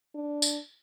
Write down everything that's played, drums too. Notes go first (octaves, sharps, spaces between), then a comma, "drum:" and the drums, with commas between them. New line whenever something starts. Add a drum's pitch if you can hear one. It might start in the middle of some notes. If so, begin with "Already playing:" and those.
D4
drum: tambourine